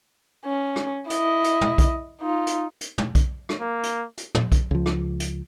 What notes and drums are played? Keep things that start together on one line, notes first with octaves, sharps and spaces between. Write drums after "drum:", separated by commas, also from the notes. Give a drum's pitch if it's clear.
C#4
drum: rim click
E4 D#5, drum: hi-hat
drum: hi-hat
drum: tom
drum: kick B1, hi-hat
D#4 F4
drum: hi-hat
drum: hi-hat
drum: tom
drum: kick B1, hi-hat
drum: rim click
A#3
drum: hi-hat
drum: hi-hat
drum: tom
drum: kick B1, hi-hat
C#2 F3
drum: rim click
drum: hi-hat